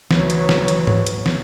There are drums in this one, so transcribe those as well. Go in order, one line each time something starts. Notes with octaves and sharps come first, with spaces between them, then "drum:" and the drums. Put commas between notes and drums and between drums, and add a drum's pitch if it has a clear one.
D2 E3 F#3, drum: snare
drum: hi-hat
drum: snare
drum: hi-hat
drum: tom G#2
drum: hi-hat
drum: snare